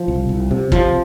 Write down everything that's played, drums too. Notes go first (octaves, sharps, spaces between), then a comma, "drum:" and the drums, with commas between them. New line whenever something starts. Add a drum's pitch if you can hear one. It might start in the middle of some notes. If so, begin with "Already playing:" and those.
Already playing: F3
C2
C2
C3
C3 F3, drum: kick